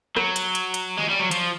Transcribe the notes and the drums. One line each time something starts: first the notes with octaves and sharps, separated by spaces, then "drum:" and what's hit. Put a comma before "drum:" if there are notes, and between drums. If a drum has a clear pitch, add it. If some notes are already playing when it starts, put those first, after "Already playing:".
F#3, drum: rim click
drum: hi-hat
drum: hi-hat
drum: hi-hat
G#3
G3
F#3
F3, drum: hi-hat